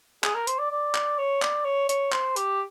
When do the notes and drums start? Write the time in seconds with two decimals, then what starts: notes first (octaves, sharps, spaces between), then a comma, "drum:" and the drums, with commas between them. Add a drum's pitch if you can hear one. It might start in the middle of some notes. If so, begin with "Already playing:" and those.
0.24 G#4, drum: clap
0.35 A#4
0.47 C5, drum: hi-hat
0.59 D5
0.71 D5
0.95 drum: clap
1.19 C#5
1.42 D5, drum: clap
1.65 C#5
1.89 C#5, drum: hi-hat
2.12 C5, drum: clap
2.36 G4, drum: hi-hat